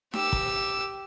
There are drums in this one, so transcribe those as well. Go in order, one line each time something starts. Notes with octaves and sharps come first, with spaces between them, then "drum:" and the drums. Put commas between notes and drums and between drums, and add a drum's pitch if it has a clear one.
G4 E6, drum: snare
drum: kick